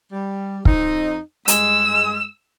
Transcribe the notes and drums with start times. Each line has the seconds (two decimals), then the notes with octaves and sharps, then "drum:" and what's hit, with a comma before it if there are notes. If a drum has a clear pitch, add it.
0.12 G3
0.65 F2 C4 D#4, drum: kick
1.48 G2 G#3 E6, drum: hi-hat